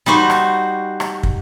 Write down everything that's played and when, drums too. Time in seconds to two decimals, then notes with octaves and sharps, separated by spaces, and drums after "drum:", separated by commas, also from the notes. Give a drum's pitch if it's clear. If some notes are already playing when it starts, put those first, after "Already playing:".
0.06 G3 D#4 F#4 C5
0.30 drum: rim click
1.00 drum: rim click
1.23 drum: kick